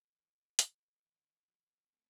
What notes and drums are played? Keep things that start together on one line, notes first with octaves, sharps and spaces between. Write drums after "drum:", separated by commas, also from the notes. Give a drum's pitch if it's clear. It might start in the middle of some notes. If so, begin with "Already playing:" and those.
Already playing: G4
E3
D3, drum: hi-hat
E3
D3
E3
F3
E3
F3
B3
A3 C4